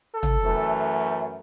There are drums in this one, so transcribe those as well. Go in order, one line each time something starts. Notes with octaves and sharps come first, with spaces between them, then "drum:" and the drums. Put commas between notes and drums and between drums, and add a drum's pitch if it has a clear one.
A4
drum: tom
F#2 E3 A3